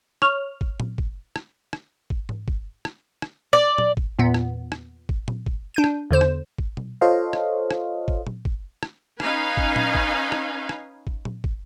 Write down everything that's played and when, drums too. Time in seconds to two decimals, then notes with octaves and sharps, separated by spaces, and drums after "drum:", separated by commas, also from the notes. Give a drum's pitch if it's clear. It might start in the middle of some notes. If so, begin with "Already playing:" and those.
0.22 C#5 F6, drum: rim click
0.61 drum: kick
0.80 drum: tom A#2
0.98 drum: kick
1.36 drum: rim click
1.73 drum: rim click
2.10 drum: kick
2.29 drum: tom G#2
2.48 drum: kick
2.85 drum: rim click
3.22 drum: rim click
3.53 D5
3.78 drum: tom A#2
3.97 drum: kick
4.19 E2 A#2 B3
4.34 drum: rim click
4.72 drum: rim click
5.09 drum: kick
5.28 drum: tom A#2
5.46 drum: kick
5.74 D4 G6 D#7
5.84 drum: rim click
6.11 E2 D3 C5 E7
6.21 drum: rim click
6.58 drum: kick
6.77 drum: tom B2
7.01 F4 A4 C5 C#5 D#5 F5
7.33 drum: rim click
7.71 drum: rim click
8.08 drum: kick
8.27 drum: tom A#2
8.45 drum: kick
8.83 drum: rim click
9.20 C#4 D#4 B4 F5 G#5, drum: rim click
9.57 drum: kick
9.76 drum: tom A#2
9.95 drum: kick
10.32 drum: rim click
10.69 drum: rim click
11.07 drum: kick
11.25 drum: tom A#2
11.44 drum: kick